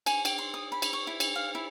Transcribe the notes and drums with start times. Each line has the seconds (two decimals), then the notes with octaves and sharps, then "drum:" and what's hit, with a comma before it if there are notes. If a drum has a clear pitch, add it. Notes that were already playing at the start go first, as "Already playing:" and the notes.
0.06 G#5, drum: cymbal
0.25 G5, drum: cymbal
0.38 C6
0.54 D#6
0.72 B5
0.82 drum: cymbal
0.93 C#6
1.07 E4
1.20 drum: cymbal
1.35 F5
1.55 E4